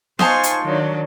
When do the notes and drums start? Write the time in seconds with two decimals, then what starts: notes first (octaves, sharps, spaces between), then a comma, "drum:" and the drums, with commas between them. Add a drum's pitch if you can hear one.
0.19 D#4 F4 C5 G#5 A5 C#6, drum: snare B3
0.43 drum: hi-hat
0.62 D#3 F#3 D4